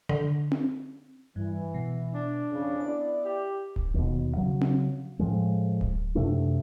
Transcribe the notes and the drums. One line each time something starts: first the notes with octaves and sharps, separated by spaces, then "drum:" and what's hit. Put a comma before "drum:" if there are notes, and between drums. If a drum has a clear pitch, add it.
D3
drum: tom C4
G2 E3
B2
D4
F2 C#3
B3 E4 D5 D6
G4
drum: kick D1
D#2 B2
C#3 F#3
drum: tom C4
A2 F3 G#3
drum: kick D1
F#2 C3 A3 D4